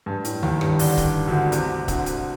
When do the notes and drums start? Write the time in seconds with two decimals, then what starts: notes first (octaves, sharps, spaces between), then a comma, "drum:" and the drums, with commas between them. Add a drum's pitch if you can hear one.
0.06 G2
0.25 A2, drum: hi-hat
0.43 D#2 D#3, drum: tom
0.61 G2 G3, drum: rim click
0.79 D3 D4, drum: open hi-hat
0.97 drum: kick, hi-hat
1.27 D2 D3
1.52 C2 C3, drum: hi-hat
1.88 D2 D3, drum: kick, hi-hat
2.06 drum: hi-hat